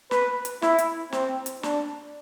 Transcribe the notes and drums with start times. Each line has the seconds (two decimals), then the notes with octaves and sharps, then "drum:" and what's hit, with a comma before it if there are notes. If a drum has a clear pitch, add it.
0.11 B4, drum: snare
0.45 drum: hi-hat
0.62 E4, drum: snare
0.78 drum: hi-hat
1.12 C4, drum: snare
1.46 drum: hi-hat
1.63 D4, drum: snare